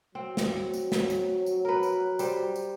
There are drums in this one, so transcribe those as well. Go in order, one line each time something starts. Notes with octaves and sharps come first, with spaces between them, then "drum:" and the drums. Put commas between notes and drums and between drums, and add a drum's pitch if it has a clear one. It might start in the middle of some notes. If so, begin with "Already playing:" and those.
F#3 C4
drum: snare
drum: tambourine
drum: snare
drum: tambourine
drum: tambourine
A#4 B4
drum: tambourine
G3 C5, drum: tambourine
drum: tambourine